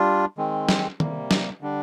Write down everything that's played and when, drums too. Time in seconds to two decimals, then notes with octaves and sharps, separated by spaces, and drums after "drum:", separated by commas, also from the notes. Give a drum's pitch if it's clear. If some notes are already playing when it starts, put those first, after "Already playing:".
Already playing: G3 D4 F4
0.38 D#3 G#3 C4
0.69 drum: snare
1.00 C3 G3 A#3, drum: tom D#3
1.31 drum: snare
1.61 D3 G3 D4